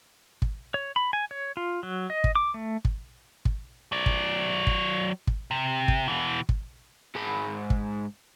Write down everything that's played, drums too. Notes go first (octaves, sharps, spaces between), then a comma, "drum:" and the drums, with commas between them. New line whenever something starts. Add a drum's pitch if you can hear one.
drum: kick
C#5
B5
G#5
C#5
F4
F#3
D#5
drum: kick
D6
A3
drum: kick
drum: kick
F#3 D5
drum: kick
drum: kick
drum: kick
C3
drum: kick
B2 E3
drum: kick
G#2 B5
drum: kick